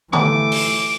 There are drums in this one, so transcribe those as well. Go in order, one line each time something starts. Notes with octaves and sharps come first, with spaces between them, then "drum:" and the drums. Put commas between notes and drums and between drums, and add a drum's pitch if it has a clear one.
E3 A3 D6, drum: tom D3
drum: open hi-hat